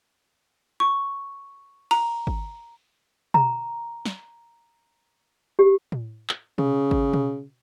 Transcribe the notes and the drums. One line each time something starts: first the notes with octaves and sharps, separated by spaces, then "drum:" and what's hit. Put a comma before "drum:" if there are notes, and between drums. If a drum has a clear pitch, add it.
C#6
A#5, drum: cymbal
drum: kick G#1
A#5, drum: tom B2
drum: snare
G4
drum: tom A2
drum: clap
C#3, drum: tom B2
drum: kick G#1
drum: tom B2